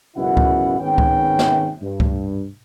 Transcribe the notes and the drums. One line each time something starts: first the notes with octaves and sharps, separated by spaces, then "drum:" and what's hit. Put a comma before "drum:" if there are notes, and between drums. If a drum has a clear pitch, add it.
C#2 F#2 B2 E4 F#5
drum: kick C#2
G#1 D#3 B3 C#4 G5
drum: kick C#2
drum: snare
G2
drum: kick C#2